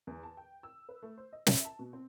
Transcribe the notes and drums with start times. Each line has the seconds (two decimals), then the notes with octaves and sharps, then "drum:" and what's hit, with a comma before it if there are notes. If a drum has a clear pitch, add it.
0.07 E2
0.23 A5
0.37 G5
0.63 E6
0.89 B4
1.02 A3
1.18 C5
1.33 D#5
1.47 E5, drum: snare
1.65 A5
1.79 B2
1.93 C4